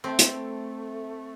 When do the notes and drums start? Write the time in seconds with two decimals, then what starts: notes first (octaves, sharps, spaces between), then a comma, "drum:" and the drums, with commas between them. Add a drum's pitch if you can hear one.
0.04 A3 C4
0.19 drum: hi-hat